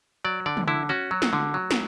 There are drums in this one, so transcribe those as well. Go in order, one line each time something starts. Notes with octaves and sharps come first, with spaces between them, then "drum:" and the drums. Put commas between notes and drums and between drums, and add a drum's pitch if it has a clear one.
F#3 D5
D3 D5
drum: tom
D3 E4
C#4 F#4
F#3
drum: snare
D3
F#3
drum: snare